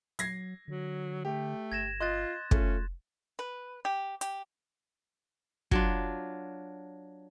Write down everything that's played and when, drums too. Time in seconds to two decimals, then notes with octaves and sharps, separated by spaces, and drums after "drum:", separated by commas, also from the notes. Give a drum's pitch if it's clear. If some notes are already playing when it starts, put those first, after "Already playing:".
0.19 F#3 G#6 A#6 C7, drum: hi-hat
0.68 D3 F#3
1.25 A3 G4
1.72 G1 G#6 A#6 E7
2.00 F4 D#5 C6 F#6 A6
2.51 G1 A3 C#4 F4, drum: kick
3.39 B4
3.85 G4
4.21 G4, drum: hi-hat
5.71 F#3 D4 F4, drum: kick